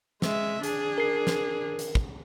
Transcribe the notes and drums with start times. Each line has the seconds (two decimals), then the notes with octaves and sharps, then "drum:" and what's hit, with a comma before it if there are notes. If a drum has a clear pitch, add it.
0.22 G#3 E5, drum: snare
0.63 D4 G#4, drum: hi-hat
0.98 A#4 C7
1.27 drum: snare
1.79 drum: hi-hat
1.95 drum: kick